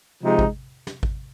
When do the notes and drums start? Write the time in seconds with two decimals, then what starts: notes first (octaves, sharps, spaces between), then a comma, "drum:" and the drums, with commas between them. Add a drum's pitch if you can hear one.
0.22 C3 F3 G#3 D#4
0.39 drum: kick G#1
0.87 drum: snare
1.03 drum: kick G#1